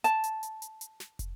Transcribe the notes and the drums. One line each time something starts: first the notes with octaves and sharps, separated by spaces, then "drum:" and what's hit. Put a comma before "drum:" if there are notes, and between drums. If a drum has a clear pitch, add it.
A5, drum: hi-hat
drum: hi-hat
drum: hi-hat
drum: hi-hat
drum: hi-hat
drum: snare
drum: kick, hi-hat